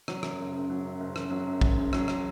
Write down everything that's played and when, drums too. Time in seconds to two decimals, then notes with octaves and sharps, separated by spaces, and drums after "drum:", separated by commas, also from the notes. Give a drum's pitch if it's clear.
0.08 F#3, drum: rim click
0.23 F#2, drum: rim click
0.39 F#1
0.54 C#3
0.70 F#3
0.84 F#2
1.00 F#1
1.16 C#3, drum: rim click
1.30 F#3
1.47 F#2
1.61 F#1, drum: kick
1.77 C#3
1.93 F#3, drum: rim click
2.08 drum: rim click